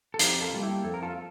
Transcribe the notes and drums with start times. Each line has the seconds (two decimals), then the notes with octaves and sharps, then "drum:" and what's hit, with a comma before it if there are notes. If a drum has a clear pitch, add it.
0.14 A4
0.19 F2 G4 A#4, drum: hi-hat
0.41 F4 A4
0.52 D3 G3 A#3
0.62 E4 G4
0.84 F2 A4
0.94 A#4
1.02 F4 A4